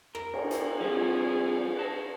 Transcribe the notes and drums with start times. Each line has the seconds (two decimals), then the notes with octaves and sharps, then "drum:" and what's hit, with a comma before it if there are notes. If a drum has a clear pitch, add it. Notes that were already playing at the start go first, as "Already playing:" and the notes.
0.15 A#4, drum: rim click
0.34 drum: cymbal
0.51 drum: hi-hat
0.81 F3 G3 C4 G#4
1.76 B4 A5